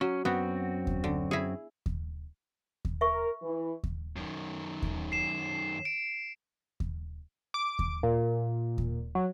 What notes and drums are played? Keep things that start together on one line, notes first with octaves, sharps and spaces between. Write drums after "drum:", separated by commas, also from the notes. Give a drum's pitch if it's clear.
F#3 C#4
F#2 B3 C4 F#4
drum: kick D#2
D3
E4 G#4
drum: kick D#2
drum: kick D#2
A#4 E5 C#6
E3
drum: kick D#2
F#2 D#3
drum: kick D#2
C7 E7
D7
drum: kick D#2
D6
drum: kick D#2
A#2
drum: kick D#2
F#3